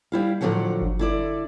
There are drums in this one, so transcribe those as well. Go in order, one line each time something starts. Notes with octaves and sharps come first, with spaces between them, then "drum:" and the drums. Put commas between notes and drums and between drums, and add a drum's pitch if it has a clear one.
G3 E4 F5
A2 D3 F3 F#3 A3 F#5
drum: kick G1
D3 E4 D5